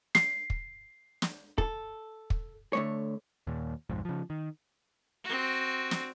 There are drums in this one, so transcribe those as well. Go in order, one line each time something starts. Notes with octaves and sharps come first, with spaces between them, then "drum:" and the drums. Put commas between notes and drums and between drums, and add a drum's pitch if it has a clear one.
C7, drum: snare
drum: kick
drum: snare
A4, drum: kick
drum: kick
D3 A3 C#5
D#2 A#2
B1 F2 G#2
C#3 F3
D#3
C4 F#4
drum: snare